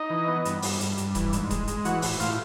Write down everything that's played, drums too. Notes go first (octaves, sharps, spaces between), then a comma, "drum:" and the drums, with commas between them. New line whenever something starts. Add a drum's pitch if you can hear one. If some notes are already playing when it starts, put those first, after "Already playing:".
Already playing: D#4 D#5
E3
B3
G2, drum: hi-hat
G2, drum: open hi-hat
G2, drum: hi-hat
G2, drum: hi-hat
E3, drum: kick D#1, hi-hat
G#2, drum: hi-hat
G#3, drum: kick D#1, hi-hat
G#3, drum: hi-hat
E3 F#4 F#5, drum: hi-hat
A2, drum: open hi-hat
A2 F4 F5, drum: hi-hat